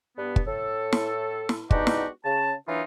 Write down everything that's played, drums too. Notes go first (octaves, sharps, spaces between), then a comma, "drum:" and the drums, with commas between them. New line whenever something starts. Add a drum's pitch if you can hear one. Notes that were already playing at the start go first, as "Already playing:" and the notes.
G2 B3
drum: kick
A2 A4
drum: snare
drum: snare
G#3 B3 D4 D#4 F#4 G4, drum: kick
drum: snare
C#3 A5
E3 F#3 A#3 D4 D#4 F4